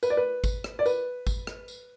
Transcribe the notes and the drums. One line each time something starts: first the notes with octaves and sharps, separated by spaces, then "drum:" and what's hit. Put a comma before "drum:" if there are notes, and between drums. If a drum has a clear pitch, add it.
B4, drum: tambourine
D5
B4
drum: kick G#1, tambourine
drum: rim click
D5
B4, drum: tambourine
drum: kick G#1, tambourine
drum: rim click
drum: tambourine